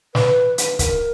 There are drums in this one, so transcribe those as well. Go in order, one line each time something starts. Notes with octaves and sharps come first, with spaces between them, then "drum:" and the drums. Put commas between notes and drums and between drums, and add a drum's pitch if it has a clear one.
B4, drum: snare
drum: hi-hat
A#4, drum: kick C#1, hi-hat